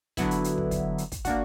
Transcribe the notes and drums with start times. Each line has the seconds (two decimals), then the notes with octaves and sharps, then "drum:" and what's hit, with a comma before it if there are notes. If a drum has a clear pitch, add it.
0.17 D3 F#3 B3 E4, drum: kick, hi-hat
0.31 drum: hi-hat
0.44 drum: hi-hat
0.58 drum: kick
0.71 drum: kick, hi-hat
0.98 drum: hi-hat
1.12 drum: kick, hi-hat
1.25 A#3 D4 F#4, drum: kick, hi-hat